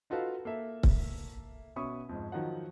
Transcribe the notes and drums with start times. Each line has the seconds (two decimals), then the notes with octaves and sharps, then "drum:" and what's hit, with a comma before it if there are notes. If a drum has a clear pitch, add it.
0.10 D#4 F4 F#4 A4 B4 F5
0.45 A#3 A4 E5
0.83 drum: kick C#1
1.76 B2 C#4 E5 B5 C#6 D#6
2.09 F2 G#2
2.32 D#3 F3 F#3 F#5